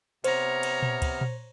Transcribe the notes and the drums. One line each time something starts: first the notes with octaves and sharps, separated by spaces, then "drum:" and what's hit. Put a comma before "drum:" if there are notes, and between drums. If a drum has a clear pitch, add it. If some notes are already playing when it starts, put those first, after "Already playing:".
C3 B3 C5 C#5 A#5 F6, drum: cymbal
drum: cymbal
drum: tom A#2
drum: kick, cymbal
drum: tom A#2